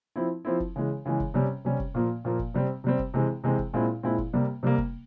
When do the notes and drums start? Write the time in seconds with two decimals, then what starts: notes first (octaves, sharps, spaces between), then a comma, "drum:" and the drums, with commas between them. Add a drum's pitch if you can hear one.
0.16 F3 C4 E4
0.45 F3 C4 E4
0.60 drum: kick
0.76 C#3 E3 G#3
1.05 C#3 E3 G#3
1.20 drum: kick
1.34 C3 G3 C#4
1.65 C3 G3 C#4
1.80 drum: kick
1.95 A#2 F3 A#3
2.25 A#2 F3 A#3
2.39 drum: kick
2.54 C3 G3 C4
2.84 C3 G3 C4
2.99 drum: kick
3.14 C3 E3 G#3 C4
3.44 C3 E3 G#3 C4
3.59 drum: kick
3.74 A#2 G#3 C4 E4
4.03 A#2 G#3 C4 E4
4.18 drum: kick
4.33 C3 G3 A#3
4.63 C3 G3 A#3
4.78 drum: kick